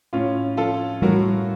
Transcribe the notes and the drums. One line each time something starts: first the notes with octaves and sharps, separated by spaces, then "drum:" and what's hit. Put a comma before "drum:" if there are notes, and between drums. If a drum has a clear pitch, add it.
A2 C#4 F4
F3 F4 A4
A2 F#4 A#4, drum: tom G3